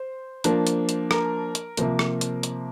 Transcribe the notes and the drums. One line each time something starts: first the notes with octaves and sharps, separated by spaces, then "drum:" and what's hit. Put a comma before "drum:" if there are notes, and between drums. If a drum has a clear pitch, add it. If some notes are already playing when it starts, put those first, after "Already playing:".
Already playing: C5
F3 A#3 D4, drum: hi-hat
drum: hi-hat
drum: hi-hat
A#4, drum: rim click
drum: hi-hat
C3 F3 A#3, drum: hi-hat
drum: rim click
drum: hi-hat
drum: hi-hat